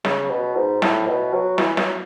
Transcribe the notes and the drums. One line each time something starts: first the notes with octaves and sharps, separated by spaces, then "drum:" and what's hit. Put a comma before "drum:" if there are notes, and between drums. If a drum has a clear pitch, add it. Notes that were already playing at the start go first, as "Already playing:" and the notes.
C#3, drum: snare
B2
G#2
A2, drum: snare
B2
F#3
E3, drum: snare
F#3, drum: snare